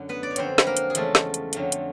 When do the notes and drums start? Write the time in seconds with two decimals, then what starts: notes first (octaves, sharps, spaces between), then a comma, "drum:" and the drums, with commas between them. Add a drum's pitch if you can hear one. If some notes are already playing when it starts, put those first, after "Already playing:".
Already playing: F#2 D3
0.09 B3 B4
0.23 D5
0.31 C#5
0.36 F2 D3 F#3 C4 C5, drum: hi-hat
0.58 B4, drum: snare
0.66 A#3 A#4
0.77 drum: hi-hat
0.90 G#4
0.95 E2 C#3 F3 G#3 A3 A4, drum: hi-hat
1.15 drum: snare
1.34 drum: hi-hat
1.53 F2 D3 F#3 A3, drum: hi-hat
1.72 drum: hi-hat